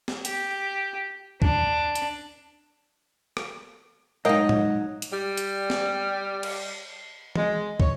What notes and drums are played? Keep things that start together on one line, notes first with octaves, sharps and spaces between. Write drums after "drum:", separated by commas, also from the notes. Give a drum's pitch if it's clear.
drum: snare
G4, drum: hi-hat
D4, drum: kick
drum: hi-hat
drum: rim click
G#2 F#3 D#4 A#4 D#5 F5 G5
drum: tom A2
drum: hi-hat
G3
drum: hi-hat
drum: snare
drum: cymbal
G#3, drum: tom
C#5, drum: kick